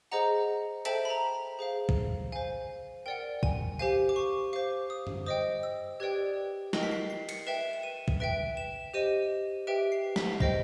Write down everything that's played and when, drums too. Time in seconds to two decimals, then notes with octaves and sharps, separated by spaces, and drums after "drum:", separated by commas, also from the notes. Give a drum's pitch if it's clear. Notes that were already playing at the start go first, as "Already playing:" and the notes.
0.11 G#4 C5 D#5 F#5 A#5
0.85 A4 C5 E5 G5 A5, drum: hi-hat
1.05 B5
1.10 A#5
1.59 G#4 C5 F5
1.89 drum: kick
2.32 C5 F5 G#5
3.06 A#4 D5 F#5 G5
3.43 G#5, drum: kick
3.79 G4 C5 F5 G#5
4.09 D6
4.16 C#6
4.53 C5 F5 D6
4.90 D#6
5.07 drum: tom F#2
5.26 C5 D#5 G5 D#6
5.63 E6
6.00 G4 B4 D5 G5 G#6
6.73 A#4 D#5 G5 A#6, drum: snare
6.83 B6
6.91 C7
7.10 C7
7.29 C#7, drum: cymbal
7.47 B4 E5 G5 E7
7.73 E7
7.83 D#7
8.08 drum: kick
8.20 B4 E5 G5 D7
8.57 E7
8.94 G4 C5 D#5 D#7
9.67 G4 B4 E5 G5 D7
9.92 C7
10.16 B6, drum: snare
10.40 C5 D#5 G5 A#6, drum: kick